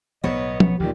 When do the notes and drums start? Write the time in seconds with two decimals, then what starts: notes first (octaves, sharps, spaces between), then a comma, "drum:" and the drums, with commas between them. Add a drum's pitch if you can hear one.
0.24 B1 A2 B3 C#5 D#5
0.60 drum: tom F3
0.80 D2 A#2 D#3 E3 F#3 G4